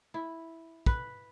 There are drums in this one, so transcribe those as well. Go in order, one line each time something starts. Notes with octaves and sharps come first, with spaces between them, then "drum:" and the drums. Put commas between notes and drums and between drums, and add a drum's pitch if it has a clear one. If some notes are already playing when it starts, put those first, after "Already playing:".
E4
B4, drum: kick